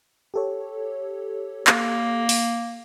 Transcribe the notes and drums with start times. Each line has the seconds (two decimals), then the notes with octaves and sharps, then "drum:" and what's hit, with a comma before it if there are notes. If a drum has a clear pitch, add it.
0.34 G4 A4 C#5
1.67 A#3, drum: clap
2.29 drum: open hi-hat